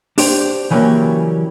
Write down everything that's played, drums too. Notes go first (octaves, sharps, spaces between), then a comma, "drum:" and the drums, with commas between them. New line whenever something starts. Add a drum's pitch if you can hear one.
D4 G4 C5 D5, drum: open hi-hat
C#3 E3 F#3 G3 A#3 C#4